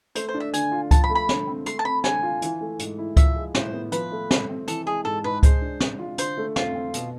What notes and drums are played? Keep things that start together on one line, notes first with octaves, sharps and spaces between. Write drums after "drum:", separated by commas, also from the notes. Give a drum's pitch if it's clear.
A3 C5, drum: hi-hat
C5
D4
E5
D3 G#5, drum: hi-hat
F4
F3 A5, drum: kick C#2, hi-hat
B5
A3
B5
D3, drum: snare
C4
A3 C6, drum: hi-hat
A5
C4 B5
D3 G#5, drum: snare
F4
E3, drum: hi-hat
A3
G#2, drum: hi-hat
E4
F3 E5, drum: kick C#2, hi-hat
G#3
A2 C5, drum: snare
B3
F3 B4, drum: hi-hat
A3
C3, drum: snare
C4
E3 A4, drum: hi-hat
G#3 G#4
G#2 A4
G#2 B4
G#3 C5, drum: kick C#2, hi-hat
D4
C3, drum: snare
F4
D3 C5, drum: hi-hat
A3
F2 F4, drum: snare
C4
B2, drum: hi-hat